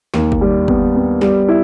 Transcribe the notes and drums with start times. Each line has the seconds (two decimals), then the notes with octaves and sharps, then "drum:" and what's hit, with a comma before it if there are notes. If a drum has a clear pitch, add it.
0.14 D#2, drum: snare
0.32 drum: kick
0.41 G3
0.68 B3, drum: kick
0.95 B3
1.21 G3, drum: snare
1.49 E4